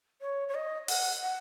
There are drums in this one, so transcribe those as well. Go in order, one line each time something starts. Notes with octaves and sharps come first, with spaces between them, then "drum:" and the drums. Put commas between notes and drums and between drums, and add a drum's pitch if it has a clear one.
C#5
C#5
D#5
F#5, drum: open hi-hat
F#5